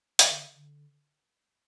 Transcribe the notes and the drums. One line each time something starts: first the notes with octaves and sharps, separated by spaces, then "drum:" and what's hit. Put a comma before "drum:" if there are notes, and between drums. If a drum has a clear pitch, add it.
E3, drum: hi-hat
D3
D3